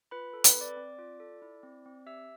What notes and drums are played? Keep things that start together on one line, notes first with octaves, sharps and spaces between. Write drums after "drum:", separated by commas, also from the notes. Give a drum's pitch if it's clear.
F4 B4 B5
A4
B4 B5, drum: hi-hat
C4
D5 D6
C4
F4
A4
E4
C4
C4
G4 E5 E6